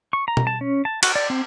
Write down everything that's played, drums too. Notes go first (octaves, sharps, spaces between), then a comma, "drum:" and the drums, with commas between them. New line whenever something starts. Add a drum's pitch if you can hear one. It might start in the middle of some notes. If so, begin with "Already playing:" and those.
C#6
A#5
drum: tom B2
A5
C#4
A5
F#4, drum: cymbal
D5
C4